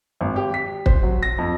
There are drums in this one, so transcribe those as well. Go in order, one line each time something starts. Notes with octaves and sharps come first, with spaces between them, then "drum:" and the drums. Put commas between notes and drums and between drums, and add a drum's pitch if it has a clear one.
G#1
G4
B6
C5, drum: kick
F#3
A#6
F2